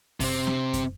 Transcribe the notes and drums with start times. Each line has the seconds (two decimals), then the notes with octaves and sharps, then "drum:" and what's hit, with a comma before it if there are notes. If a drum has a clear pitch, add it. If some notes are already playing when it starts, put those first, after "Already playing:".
0.20 C3 C4, drum: kick F#2, open hi-hat
0.47 drum: snare
0.73 drum: kick F#2, hi-hat